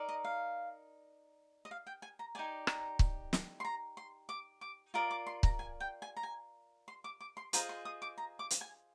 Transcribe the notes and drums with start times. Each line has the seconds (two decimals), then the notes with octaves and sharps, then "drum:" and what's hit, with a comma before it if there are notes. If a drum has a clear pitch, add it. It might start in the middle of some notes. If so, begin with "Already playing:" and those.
Already playing: D#4 A#4 D5
0.09 D#5
0.25 F5
1.65 D#5
1.71 F5
1.87 G5
2.02 G#5
2.19 A#5
2.35 D#4 G4 D5 G#5
2.67 A#5, drum: rim click
2.99 drum: kick C#1
3.33 drum: snare
3.60 C6
3.65 A#5
3.97 C6
4.29 D6
4.61 D6
4.94 F4 A#4 D5 D#6
5.11 D6
5.27 C6
5.43 A#5, drum: kick C#1
5.59 G#5
5.80 G5
6.02 G#5
6.17 A#5
6.23 G#5
6.88 C6
7.04 D6
7.21 D6
7.37 C6
7.53 F4 G#4 C5 D#5 A#5, drum: hi-hat
7.69 C6
7.85 D#6
8.02 D6
8.18 A#5
8.39 D6
8.50 drum: hi-hat
8.61 G#5